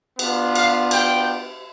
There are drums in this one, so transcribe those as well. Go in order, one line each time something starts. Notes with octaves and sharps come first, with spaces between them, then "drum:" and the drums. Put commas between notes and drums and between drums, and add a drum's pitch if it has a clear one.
B3 D4 F4, drum: cymbal
F5, drum: cymbal
G5, drum: cymbal